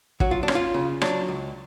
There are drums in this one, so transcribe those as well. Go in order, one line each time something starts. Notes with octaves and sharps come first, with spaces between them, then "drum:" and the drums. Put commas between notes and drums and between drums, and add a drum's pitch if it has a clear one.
F#3 F#4, drum: kick
F4
D4
C#4, drum: rim click
F4
C#3
F#3 D4, drum: rim click
C#2